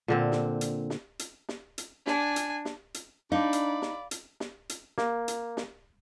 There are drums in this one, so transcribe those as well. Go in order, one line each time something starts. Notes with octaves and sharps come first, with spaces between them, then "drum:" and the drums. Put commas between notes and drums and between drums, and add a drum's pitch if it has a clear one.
A#2 D3 C4
drum: snare
drum: hi-hat
drum: snare
drum: hi-hat
drum: snare
drum: hi-hat
D4 G#5, drum: snare
drum: hi-hat
drum: snare
drum: hi-hat
D4 D#4 D5 F5 B5
drum: hi-hat
drum: snare
drum: hi-hat
drum: snare
drum: hi-hat
A#3, drum: snare
drum: hi-hat
drum: snare